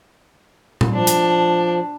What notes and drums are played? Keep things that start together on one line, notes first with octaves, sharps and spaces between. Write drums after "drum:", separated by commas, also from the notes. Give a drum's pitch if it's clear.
drum: tom A#2
F3 D4
drum: hi-hat